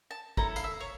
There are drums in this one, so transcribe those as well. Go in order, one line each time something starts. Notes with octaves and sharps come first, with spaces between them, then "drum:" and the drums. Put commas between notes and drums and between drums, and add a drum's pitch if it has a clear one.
A5
C#4 E4 A4 A#5, drum: kick
F5, drum: tambourine
E5
C#5